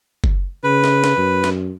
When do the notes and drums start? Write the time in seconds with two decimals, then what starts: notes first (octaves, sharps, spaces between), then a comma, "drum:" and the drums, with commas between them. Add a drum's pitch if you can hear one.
0.24 drum: kick
0.64 C#3 B4
0.84 drum: snare
1.04 drum: snare
1.17 F#2
1.44 drum: snare